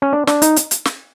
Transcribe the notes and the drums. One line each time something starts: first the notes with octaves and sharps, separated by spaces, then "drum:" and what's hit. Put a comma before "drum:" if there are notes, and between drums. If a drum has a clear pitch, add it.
C#4
D4
D4, drum: snare
D#4, drum: hi-hat
drum: hi-hat
drum: hi-hat
drum: snare